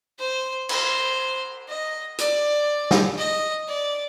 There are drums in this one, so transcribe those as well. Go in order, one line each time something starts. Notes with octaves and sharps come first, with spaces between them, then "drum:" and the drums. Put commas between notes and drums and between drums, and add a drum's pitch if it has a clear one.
C5
C5, drum: cymbal
D#5
D5, drum: hi-hat
drum: snare
D#5
D5